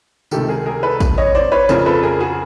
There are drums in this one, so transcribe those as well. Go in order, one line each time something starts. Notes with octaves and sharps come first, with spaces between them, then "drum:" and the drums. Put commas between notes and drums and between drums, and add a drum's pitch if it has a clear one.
C#2 C3 D#3 G4 A4, drum: tambourine
G#4 A#4
G#4 A#4
A4 B4
drum: kick, tambourine
C#5 D#5
C5 D5
B4 C#5
F2 C#3 F3 A#4 C5, drum: tambourine
A4 B4
G#4 A#4
F#4 G#4